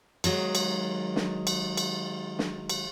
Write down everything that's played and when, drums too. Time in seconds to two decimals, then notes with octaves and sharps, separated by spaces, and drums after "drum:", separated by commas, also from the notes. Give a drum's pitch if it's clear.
0.24 D#3 F#3 G#3, drum: cymbal
0.55 drum: cymbal
1.16 drum: snare
1.47 drum: cymbal
1.77 drum: cymbal
2.39 drum: snare
2.70 drum: cymbal